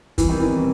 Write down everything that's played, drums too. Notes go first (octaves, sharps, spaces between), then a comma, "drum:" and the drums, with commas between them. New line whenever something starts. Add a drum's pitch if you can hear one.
B2 E3 G3 C4, drum: kick, hi-hat
D#3
E3